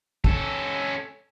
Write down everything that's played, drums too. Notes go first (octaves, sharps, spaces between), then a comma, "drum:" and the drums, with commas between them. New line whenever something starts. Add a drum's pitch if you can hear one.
C#4 A4, drum: kick